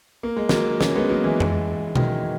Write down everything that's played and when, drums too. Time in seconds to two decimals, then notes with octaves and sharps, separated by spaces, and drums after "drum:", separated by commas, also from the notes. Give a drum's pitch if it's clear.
0.23 A#3
0.36 G#3
0.49 F#3 A#3, drum: snare
0.81 A#3 C#4, drum: snare
0.95 G#3 B3
1.09 F#3 A#3
1.24 E3 G#3
1.40 drum: tom F2
1.96 D#3 F#3, drum: tom B2